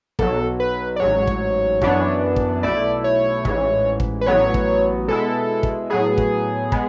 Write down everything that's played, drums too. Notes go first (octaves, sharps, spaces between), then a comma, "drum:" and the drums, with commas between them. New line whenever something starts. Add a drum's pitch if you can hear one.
B1 B2 F#3 A4, drum: kick
B4
D5
A1 G#2 F#3 C#5
drum: kick
F#2 E3 B3 D4, drum: kick
drum: kick
B1 B2 A3 E4 D5
C#5
A1 G#2 E3, drum: kick
drum: kick
B4
A1 A2 F#3 B3 C#5
drum: kick
B2 G#3 B3 E4 A4
drum: kick
A2 F#3 B3 G#4
drum: kick
G#3 B3, drum: kick